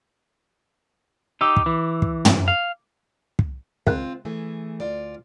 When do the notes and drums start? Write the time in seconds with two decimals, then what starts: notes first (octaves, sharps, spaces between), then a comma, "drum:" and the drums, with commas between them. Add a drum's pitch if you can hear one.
1.41 D#4 G4 D6 E6
1.57 drum: kick
1.66 E3
2.02 drum: kick
2.25 drum: tom
2.48 F5
3.39 drum: kick
3.87 C#2 D#3 C4 F4 F#5, drum: kick
4.25 E3 A3 G#4
4.80 D2 F4 D5